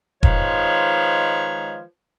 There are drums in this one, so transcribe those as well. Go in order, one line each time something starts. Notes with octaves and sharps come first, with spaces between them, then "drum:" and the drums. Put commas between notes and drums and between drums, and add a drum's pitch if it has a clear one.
D#3 F3 G#3 B4 C#5, drum: kick E1